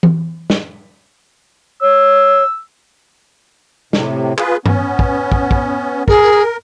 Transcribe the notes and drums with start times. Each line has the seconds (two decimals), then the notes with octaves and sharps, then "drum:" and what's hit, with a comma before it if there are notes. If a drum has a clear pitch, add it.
0.03 drum: tom E3
0.50 drum: snare
1.82 C#5 E6
3.93 A2 C3, drum: snare
4.38 F4 G#4 B4, drum: clap
4.66 B3 C#4, drum: tom G2
4.99 drum: kick
5.32 drum: kick
5.51 drum: kick
6.08 G#4 A#4, drum: kick